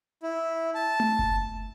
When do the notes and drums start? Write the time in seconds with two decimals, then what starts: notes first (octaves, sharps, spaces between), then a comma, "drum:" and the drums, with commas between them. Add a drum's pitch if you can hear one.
0.23 E4
0.75 A5
1.00 drum: tom A3
1.19 drum: kick F#1